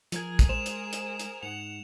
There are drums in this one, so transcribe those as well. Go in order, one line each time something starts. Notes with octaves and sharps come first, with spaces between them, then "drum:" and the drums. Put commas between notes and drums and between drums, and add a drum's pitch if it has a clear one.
F3 G#4 A#4 G#6, drum: hi-hat
drum: kick, hi-hat
G#3 C5 E7 F7
drum: hi-hat
drum: hi-hat
drum: hi-hat
G#2 F#5 F7